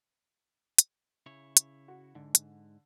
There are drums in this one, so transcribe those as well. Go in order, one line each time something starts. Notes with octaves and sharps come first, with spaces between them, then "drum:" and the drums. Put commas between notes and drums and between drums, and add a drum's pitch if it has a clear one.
drum: hi-hat
C#3 E4 C#5
drum: hi-hat
F#4
G#2 D3
drum: hi-hat